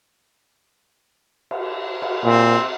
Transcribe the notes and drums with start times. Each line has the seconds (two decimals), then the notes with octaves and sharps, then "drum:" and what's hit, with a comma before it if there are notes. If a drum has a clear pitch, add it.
1.51 drum: cymbal
2.02 drum: cymbal
2.24 A#2 C4